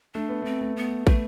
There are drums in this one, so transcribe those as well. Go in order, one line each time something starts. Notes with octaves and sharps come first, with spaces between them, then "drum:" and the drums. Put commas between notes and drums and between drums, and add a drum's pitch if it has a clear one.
A3 D4
B3
A3 C4
A3
B3
A3 B3, drum: kick